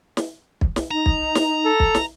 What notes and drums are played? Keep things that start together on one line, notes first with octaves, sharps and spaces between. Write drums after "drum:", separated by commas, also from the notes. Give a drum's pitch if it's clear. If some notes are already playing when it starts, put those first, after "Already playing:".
drum: snare
drum: kick
drum: snare
D#4 A#5
drum: kick
drum: snare
A4
drum: kick
drum: snare